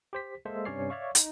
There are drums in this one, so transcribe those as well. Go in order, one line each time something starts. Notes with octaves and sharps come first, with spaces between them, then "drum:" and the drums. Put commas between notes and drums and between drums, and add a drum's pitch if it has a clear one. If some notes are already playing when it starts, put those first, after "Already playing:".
G4 C5 B6
G#3 A#3 A4 C5 E5
G2 C3 C#4 C#5 D5 C7
C#5 D5 E5 F5 C#6
D#4, drum: hi-hat